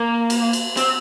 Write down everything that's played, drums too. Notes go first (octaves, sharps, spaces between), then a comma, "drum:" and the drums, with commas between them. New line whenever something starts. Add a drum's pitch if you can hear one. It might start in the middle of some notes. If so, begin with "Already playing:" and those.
Already playing: A#3
drum: cymbal
drum: cymbal
C4, drum: cymbal